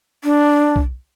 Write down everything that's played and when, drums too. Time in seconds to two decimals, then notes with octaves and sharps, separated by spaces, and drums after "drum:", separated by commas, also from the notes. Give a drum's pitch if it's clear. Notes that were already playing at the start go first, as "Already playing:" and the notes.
0.24 D4
0.76 drum: kick B1